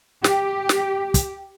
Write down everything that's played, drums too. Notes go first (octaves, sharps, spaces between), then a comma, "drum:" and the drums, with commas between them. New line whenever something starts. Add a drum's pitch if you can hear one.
G4, drum: snare
drum: snare
drum: kick, hi-hat